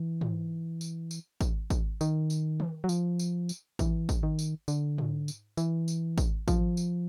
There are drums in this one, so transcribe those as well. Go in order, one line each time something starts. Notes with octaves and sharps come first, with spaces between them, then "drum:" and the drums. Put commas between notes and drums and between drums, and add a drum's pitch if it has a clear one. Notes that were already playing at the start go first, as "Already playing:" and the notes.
Already playing: E3
drum: tom G#2
drum: tambourine
drum: tambourine
drum: kick, tambourine
drum: kick, tambourine
D#3, drum: tambourine
drum: tambourine
drum: tom D#3
F#3
F3, drum: tambourine
drum: tambourine
drum: tambourine
E3, drum: kick, tambourine
drum: kick, tambourine
D#3
drum: tambourine
D3, drum: tambourine
drum: tom G#2
drum: tambourine
E3, drum: tambourine
drum: tambourine
drum: kick, tambourine
F3, drum: kick, tambourine
drum: tambourine